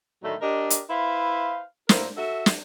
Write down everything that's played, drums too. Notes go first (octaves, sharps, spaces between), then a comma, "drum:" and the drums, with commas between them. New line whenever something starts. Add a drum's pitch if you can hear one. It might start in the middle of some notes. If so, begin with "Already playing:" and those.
A2 D3 D#3 F#3 A3
D4 G4 A#4 D#5
drum: hi-hat
E4 B4 C5 E5 F5
A2 A#3 E4 A#4 C5, drum: snare
F#4 A4 E5
drum: snare